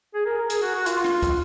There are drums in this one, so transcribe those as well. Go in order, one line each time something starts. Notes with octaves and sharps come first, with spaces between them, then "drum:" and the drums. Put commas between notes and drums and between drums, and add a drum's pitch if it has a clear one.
G#4
A#4
A#4
G#4, drum: hi-hat
F#4
F#4
F4, drum: hi-hat
drum: rim click
drum: kick, hi-hat